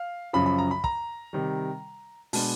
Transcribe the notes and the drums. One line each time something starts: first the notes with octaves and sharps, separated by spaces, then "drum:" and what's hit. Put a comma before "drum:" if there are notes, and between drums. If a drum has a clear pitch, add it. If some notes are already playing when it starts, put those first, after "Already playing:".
Already playing: F5
F#2 C#3 F3 B5
B5
A#5
B5
A#5, drum: kick
C3 D#3 G3
B2 G#3 B3 D4 A5, drum: open hi-hat